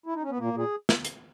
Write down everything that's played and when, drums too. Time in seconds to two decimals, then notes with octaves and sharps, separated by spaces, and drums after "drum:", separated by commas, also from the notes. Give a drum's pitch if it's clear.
0.06 E4
0.15 D#4
0.22 C#4
0.30 B3
0.38 A#2 A#3
0.53 A#2 G#4
0.89 drum: snare
1.05 drum: hi-hat